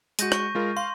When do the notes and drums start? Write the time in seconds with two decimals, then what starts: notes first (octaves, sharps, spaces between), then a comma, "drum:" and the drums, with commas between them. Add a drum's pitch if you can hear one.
0.19 G#3 F#4 G6 A#6 D#7, drum: hi-hat
0.32 C#6, drum: rim click
0.55 G#3 F4 A#4
0.77 F5 C6